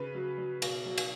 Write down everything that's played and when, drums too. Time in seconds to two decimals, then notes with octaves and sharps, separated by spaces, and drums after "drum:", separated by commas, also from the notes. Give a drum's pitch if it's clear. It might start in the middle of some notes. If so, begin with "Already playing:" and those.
Already playing: C#3 B4
0.14 F#3
0.38 F#3
0.62 B2, drum: cymbal
0.86 F#3
0.98 drum: cymbal